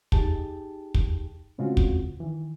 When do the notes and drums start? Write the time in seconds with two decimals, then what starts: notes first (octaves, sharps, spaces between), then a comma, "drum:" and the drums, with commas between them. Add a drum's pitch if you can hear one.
0.12 D#4 G4 G#4 G5 A5, drum: kick
0.94 drum: kick
1.58 A2 C#3 G#3 C4 F4 F#4
1.77 drum: kick
2.19 D#3 E3